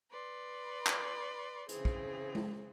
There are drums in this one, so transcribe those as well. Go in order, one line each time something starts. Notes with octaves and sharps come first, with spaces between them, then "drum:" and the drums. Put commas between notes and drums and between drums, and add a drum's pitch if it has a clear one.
B4 D5 C6
drum: clap
C#3 E3 C4 G#4, drum: hi-hat
drum: kick
drum: tom G#3